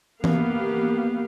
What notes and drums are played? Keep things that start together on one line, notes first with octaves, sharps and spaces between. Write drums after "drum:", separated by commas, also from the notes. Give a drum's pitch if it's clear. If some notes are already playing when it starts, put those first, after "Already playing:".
A#3 B3 G4 F5, drum: tom E3